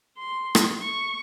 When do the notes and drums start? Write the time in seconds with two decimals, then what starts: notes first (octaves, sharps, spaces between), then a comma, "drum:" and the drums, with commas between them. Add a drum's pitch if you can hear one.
0.19 C6
0.55 drum: rim click
0.81 C#6